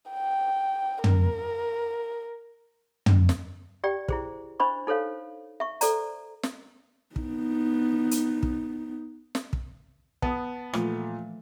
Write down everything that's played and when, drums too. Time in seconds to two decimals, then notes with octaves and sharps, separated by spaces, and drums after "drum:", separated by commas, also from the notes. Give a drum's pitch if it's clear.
0.11 G5
1.04 A#4, drum: tom
3.06 drum: tom
3.29 drum: snare
3.84 G4 D5 G5
4.08 E4 G#4 C5, drum: kick
4.60 D4 C5 D#5 B5 C#6
4.87 D#4 A4 C5 C#5 F5
5.60 E5 C#6
5.81 A4 C5 D5 A#5, drum: hi-hat
6.43 drum: snare
7.16 B3 D#4, drum: kick
8.11 drum: hi-hat
8.43 drum: kick
9.35 drum: snare
9.53 drum: kick
10.22 B3 A5 D#6, drum: kick
10.73 A#2 E3 F3 A3, drum: rim click